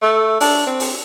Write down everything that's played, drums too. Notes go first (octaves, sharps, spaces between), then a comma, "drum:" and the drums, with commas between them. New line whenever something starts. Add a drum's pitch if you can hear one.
A3
D4, drum: open hi-hat
C4
drum: open hi-hat